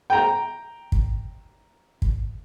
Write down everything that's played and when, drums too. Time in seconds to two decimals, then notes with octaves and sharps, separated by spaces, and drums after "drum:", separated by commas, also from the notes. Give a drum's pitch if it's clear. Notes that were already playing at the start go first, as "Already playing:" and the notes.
0.10 G5 A#5
0.92 drum: kick
2.02 drum: kick